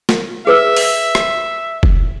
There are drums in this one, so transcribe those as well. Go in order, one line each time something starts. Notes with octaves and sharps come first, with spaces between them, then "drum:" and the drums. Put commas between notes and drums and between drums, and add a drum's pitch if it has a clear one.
drum: snare
G#4 B4 E5 E6
drum: open hi-hat
drum: rim click
drum: kick F1